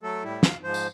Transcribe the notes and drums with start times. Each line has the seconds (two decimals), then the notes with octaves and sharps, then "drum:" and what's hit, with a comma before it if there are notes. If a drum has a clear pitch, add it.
0.03 F#3 A3 A4
0.24 A2 G3 E4
0.43 F5, drum: snare
0.64 G#2 F3 C5
0.74 drum: tambourine